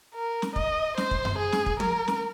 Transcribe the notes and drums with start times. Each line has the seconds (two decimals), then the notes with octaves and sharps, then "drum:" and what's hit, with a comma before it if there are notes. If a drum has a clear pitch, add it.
0.14 A#4
0.42 drum: snare
0.56 D#5, drum: kick
0.97 C5, drum: snare
1.11 drum: kick
1.25 drum: tom F#2
1.39 G#4
1.52 drum: snare
1.66 drum: kick
1.80 A#4, drum: tom
2.08 drum: snare